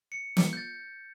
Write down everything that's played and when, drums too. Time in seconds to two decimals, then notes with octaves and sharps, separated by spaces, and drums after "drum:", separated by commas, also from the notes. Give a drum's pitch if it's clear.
0.12 C#7
0.37 drum: snare
0.53 G6 A6